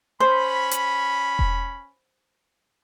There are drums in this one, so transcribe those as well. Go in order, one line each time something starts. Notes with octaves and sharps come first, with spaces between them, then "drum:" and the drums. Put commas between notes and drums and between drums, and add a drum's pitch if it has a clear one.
C#4 C5 B5
drum: hi-hat
drum: kick E1